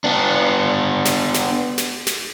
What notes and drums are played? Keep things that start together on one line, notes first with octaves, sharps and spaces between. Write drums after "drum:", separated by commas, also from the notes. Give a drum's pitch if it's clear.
B3 D4
drum: snare
drum: snare
drum: snare
drum: snare